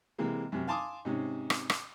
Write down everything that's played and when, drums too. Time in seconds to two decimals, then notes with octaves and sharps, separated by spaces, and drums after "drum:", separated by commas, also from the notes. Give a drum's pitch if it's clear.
0.18 C3 E3 G#3 A#3
0.52 F#2 C3
0.67 F5 G#5 A5 C6 D6 D#6
1.05 G#2 C3 C#4
1.50 drum: rim click
1.70 drum: rim click